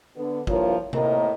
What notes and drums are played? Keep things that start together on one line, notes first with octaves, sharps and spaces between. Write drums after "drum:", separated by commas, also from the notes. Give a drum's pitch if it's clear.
D3 B3
G2 F3 A#3 E4 F4 C#5, drum: kick
D#2 A2 A#3 C4 A#4 D#5, drum: tom C3